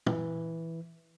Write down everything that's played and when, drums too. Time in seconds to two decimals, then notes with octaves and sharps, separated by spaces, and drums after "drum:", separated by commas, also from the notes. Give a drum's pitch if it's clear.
0.06 E3, drum: tom